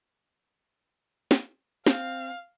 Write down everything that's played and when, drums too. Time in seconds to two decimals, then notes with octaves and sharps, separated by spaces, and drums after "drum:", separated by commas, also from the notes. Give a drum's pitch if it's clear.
1.31 drum: snare
1.87 C4 F5, drum: snare